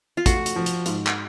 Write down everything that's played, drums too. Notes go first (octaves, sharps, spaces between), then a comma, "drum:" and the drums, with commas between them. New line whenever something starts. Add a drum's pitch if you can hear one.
F4
A3 F#4, drum: kick, hi-hat
drum: hi-hat
F3
drum: hi-hat
G#2, drum: hi-hat
drum: clap